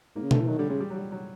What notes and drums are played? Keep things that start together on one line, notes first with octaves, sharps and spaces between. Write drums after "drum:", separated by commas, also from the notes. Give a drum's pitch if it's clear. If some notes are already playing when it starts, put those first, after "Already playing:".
G#2 A#3
C#3
D3 A3, drum: tom B2
E3
D#3 F#3
D3 G3
C#3 G#3
G3
F#3
G3
F#3